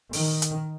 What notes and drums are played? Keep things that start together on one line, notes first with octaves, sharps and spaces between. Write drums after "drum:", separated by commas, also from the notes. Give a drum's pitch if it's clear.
D#3, drum: open hi-hat
drum: hi-hat